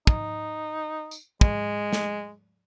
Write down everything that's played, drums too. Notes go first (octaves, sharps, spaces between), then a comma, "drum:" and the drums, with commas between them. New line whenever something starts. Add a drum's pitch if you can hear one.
D#4, drum: kick
drum: tambourine
G#3, drum: kick
drum: snare